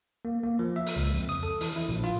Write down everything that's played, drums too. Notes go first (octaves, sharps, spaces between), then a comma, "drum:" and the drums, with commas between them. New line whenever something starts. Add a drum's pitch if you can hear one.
A#3
A#3
F3
E5
drum: open hi-hat
C#2
F2
D#6
A4
E3, drum: open hi-hat
E4
A#1
F4